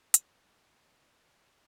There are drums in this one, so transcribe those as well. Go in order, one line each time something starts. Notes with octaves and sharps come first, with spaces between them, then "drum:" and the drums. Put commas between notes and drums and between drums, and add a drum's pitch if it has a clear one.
A5 D6, drum: hi-hat
C4 D#5